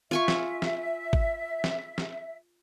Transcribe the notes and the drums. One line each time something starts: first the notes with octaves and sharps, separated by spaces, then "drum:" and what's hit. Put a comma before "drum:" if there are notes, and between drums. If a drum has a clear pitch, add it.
F4 E5 G#5 C#6
drum: snare
drum: snare
drum: kick G#1
drum: snare
drum: snare